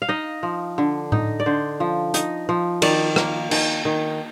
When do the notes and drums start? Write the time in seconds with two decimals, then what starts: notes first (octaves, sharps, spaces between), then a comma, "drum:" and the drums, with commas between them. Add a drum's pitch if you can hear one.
0.02 F5
0.09 D#4 D#5
0.43 F3
0.78 D3
1.12 D#4, drum: tom A2
1.40 D5
1.46 D3 C5
1.80 F3
2.14 D#4, drum: hi-hat
2.49 F3
2.82 D#3 D5, drum: cymbal
3.16 A#3, drum: rim click
3.51 D#3, drum: cymbal
3.85 D#3